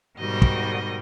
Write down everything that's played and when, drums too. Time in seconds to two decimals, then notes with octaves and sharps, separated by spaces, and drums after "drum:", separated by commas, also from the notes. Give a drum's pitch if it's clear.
0.19 G#2 B2 D#3 G3 F#4 D#5
0.42 drum: kick